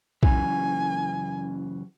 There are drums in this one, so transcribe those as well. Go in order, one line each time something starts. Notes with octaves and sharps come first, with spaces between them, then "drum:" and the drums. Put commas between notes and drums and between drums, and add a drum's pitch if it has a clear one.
F#2 C#3 E3 G#5, drum: kick B1